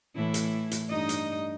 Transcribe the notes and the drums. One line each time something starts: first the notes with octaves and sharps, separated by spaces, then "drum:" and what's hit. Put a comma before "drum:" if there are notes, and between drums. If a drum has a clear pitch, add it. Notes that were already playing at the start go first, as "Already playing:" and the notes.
A2 E3 E4
drum: hi-hat
drum: hi-hat
G2 D#4 D#5
drum: hi-hat